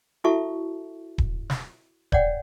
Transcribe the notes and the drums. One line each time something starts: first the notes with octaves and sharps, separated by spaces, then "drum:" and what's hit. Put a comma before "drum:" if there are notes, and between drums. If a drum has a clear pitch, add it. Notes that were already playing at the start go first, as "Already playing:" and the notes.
E4 F#4 A4 E5 A5 C#6
drum: kick D#1
drum: snare
C#5 D5 F#5 G5, drum: kick D#1